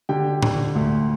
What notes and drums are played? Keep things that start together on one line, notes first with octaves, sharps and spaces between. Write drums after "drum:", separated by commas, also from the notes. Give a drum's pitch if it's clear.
D3 G4 G5
D3, drum: tom A2
D2